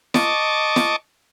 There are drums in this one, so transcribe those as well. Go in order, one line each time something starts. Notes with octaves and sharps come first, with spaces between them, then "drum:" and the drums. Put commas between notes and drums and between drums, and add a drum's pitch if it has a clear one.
D#5 A5 C#6 D6, drum: snare
drum: snare